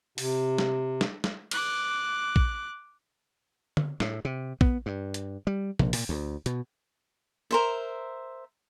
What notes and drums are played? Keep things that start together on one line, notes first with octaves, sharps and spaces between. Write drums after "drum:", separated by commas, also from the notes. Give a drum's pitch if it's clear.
C3, drum: open hi-hat
drum: snare
drum: snare
drum: snare
D6 F#6, drum: cymbal
drum: kick
drum: tom D3
A2, drum: snare
C3
B3, drum: kick
G2
drum: hi-hat
G3
A#1, drum: tom
A#2, drum: open hi-hat
D2
B2, drum: hi-hat
A#4 C5 E5